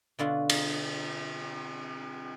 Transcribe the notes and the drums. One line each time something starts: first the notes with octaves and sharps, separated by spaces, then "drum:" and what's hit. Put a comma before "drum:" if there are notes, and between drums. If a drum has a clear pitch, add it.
B2 D3 F4 F#4
drum: cymbal